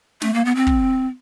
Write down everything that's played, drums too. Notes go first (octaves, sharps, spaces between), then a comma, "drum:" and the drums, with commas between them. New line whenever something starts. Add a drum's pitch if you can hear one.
A3, drum: snare
A#3
B3
C4
drum: kick